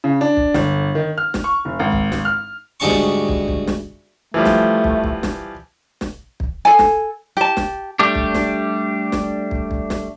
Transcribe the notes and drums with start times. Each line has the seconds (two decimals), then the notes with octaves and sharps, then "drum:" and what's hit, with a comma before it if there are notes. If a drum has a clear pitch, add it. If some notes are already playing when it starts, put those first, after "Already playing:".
0.04 C#3
0.21 D4
0.37 drum: kick
0.54 G1, drum: snare
0.95 D#3
1.18 F6
1.34 drum: snare
1.44 C#6
1.65 F1
1.79 G#1
1.92 drum: kick
2.12 drum: snare
2.25 F6
2.80 D2 G#2 G3 D4 A5 C#6
2.90 drum: snare
3.29 drum: kick
3.48 drum: kick
3.67 drum: snare
4.34 E3 F3 G3 A3
4.45 drum: snare
4.84 drum: kick
5.04 drum: kick
5.23 drum: snare
6.01 drum: snare
6.40 drum: kick
6.65 A4 G#5
6.79 drum: snare
7.37 G4 A5
7.57 drum: snare
7.99 G3 A3 D4 G4
8.15 drum: kick
8.35 drum: snare
9.12 drum: snare
9.51 drum: kick
9.71 drum: kick
9.90 drum: snare